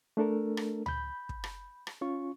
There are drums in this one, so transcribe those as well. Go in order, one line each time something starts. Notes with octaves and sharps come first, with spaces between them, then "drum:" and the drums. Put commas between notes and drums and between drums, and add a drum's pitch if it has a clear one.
A3 D4 A4 A#4
drum: rim click
B5 G6, drum: tom C#2
drum: kick
drum: rim click
drum: rim click
C#4 F4 C#6